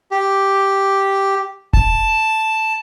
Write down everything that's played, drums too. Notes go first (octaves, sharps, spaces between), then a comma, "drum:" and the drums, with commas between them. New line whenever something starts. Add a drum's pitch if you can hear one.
G4
A5, drum: kick E1